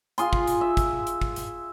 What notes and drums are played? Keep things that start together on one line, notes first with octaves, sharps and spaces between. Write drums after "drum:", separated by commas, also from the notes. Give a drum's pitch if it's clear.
F4 G#4 C6, drum: hi-hat
drum: kick
drum: hi-hat
E5
drum: kick, hi-hat
drum: hi-hat
drum: kick
drum: hi-hat